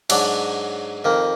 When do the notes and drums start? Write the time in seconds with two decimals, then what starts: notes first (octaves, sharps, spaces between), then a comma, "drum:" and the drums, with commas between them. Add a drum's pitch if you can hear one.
0.10 G#2 F#3 D4, drum: cymbal
1.04 F2 D#3 A#3